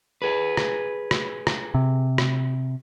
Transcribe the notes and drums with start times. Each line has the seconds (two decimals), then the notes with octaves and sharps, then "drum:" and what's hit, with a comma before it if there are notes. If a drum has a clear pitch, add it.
0.22 G#4 B4
0.57 drum: rim click
1.11 drum: rim click
1.47 drum: rim click
1.74 C3
2.18 drum: rim click